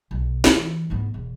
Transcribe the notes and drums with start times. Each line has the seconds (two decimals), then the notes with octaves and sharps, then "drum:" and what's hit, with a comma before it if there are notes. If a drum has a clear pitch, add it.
0.11 B1
0.44 E3, drum: snare
0.90 G#2 B3
1.14 E1